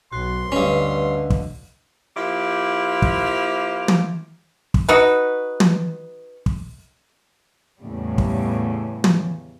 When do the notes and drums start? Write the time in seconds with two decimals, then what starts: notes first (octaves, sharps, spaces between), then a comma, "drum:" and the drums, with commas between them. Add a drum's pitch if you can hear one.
0.12 B1 F#4 C6
0.52 D2 G2 D3 C#4 B4 D#5 F5
1.30 drum: kick
2.15 F3 A#3 E4 G4
3.02 drum: kick
3.88 drum: tom
4.74 drum: kick
4.88 D#4 F#4 B4
5.60 drum: tom
6.46 drum: kick
7.80 E2 A2 C#3 G3
8.18 drum: kick
9.04 drum: tom